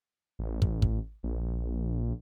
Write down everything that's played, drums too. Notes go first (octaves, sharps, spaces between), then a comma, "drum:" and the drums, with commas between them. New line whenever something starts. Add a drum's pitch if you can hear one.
A1
drum: kick
drum: kick
A#1